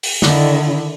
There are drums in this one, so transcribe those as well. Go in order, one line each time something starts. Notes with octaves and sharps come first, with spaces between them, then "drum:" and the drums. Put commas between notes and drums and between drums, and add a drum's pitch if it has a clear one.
drum: open hi-hat
D3 D#3 E4, drum: snare